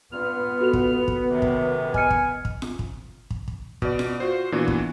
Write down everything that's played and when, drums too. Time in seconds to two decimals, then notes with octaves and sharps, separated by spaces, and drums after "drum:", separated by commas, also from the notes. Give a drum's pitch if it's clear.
0.13 G2 B3 F4 F6
0.61 F#4 A4 F7
0.73 drum: kick
1.08 drum: kick
1.30 F#2 C3 D#3
1.42 drum: kick
1.94 D#5 G#5 F6 C#7, drum: kick
2.11 drum: kick
2.45 drum: kick
2.62 drum: snare F4
2.79 drum: kick
3.30 drum: kick
3.48 drum: kick
3.82 B2 D5, drum: kick
3.99 drum: snare F4
4.20 F4 F#4 C5
4.52 A#2 E3 B3 D4 F#4
4.68 drum: kick